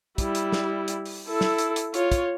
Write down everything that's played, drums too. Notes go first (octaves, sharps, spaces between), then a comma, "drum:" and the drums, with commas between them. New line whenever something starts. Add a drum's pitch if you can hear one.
G3 E4, drum: kick, hi-hat
drum: hi-hat
drum: snare
drum: hi-hat
drum: open hi-hat
E4 A4
drum: snare
drum: hi-hat
drum: hi-hat
F4 C#5, drum: hi-hat
drum: kick, hi-hat